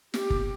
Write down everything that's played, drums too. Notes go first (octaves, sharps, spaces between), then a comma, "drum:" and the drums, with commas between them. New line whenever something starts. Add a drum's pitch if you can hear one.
G4, drum: snare
drum: kick